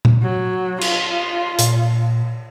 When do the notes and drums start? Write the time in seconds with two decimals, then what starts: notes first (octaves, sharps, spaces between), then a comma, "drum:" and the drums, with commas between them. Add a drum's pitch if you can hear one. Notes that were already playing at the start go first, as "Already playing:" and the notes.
0.05 drum: tom A#2
0.23 F#3
0.81 F4, drum: cymbal
1.59 A#2, drum: hi-hat